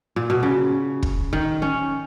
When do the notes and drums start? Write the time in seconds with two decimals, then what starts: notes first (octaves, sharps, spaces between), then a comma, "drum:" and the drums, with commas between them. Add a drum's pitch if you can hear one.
0.16 A#2
0.30 B2
0.43 C#3
1.03 drum: kick
1.33 D#3
1.62 C#4